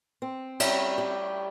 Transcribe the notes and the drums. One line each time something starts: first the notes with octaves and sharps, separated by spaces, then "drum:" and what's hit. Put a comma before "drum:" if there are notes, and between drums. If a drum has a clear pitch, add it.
C4
G3, drum: cymbal
G4